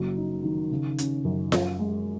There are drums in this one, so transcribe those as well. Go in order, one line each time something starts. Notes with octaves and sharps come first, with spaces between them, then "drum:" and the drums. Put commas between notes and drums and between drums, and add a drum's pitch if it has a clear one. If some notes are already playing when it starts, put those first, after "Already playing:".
Already playing: F#1 F#3
D#4
D#3
C#3
C#4, drum: hi-hat
F#2
F#2, drum: snare F4
G#3